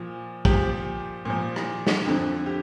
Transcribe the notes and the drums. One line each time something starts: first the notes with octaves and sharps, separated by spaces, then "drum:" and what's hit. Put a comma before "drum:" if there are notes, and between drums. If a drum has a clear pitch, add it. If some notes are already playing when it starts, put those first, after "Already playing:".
Already playing: A#2 F3
A#2 F3 G4, drum: kick
A#2 F3
drum: rim click
drum: snare
F2 D3 F3
G4